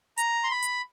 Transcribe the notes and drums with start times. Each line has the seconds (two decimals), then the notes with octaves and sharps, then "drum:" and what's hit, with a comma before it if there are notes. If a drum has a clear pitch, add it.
0.17 A#5, drum: hi-hat
0.44 C6
0.51 B5
0.62 drum: hi-hat